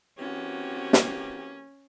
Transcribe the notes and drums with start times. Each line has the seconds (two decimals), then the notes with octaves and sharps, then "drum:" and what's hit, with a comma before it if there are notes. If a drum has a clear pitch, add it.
0.19 E3 A#3 C4 C#4 F#4 G4
0.93 drum: snare